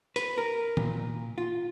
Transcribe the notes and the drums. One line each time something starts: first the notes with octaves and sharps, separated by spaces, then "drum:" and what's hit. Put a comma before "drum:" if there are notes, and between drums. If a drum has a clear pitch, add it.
B4, drum: hi-hat
A#4
A#2, drum: tom
F4